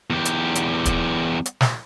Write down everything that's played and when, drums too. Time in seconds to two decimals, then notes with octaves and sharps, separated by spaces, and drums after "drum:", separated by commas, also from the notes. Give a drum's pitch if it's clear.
0.10 E2 G4
0.25 drum: hi-hat
0.55 drum: hi-hat
0.85 drum: kick, hi-hat
1.46 drum: hi-hat
1.61 drum: snare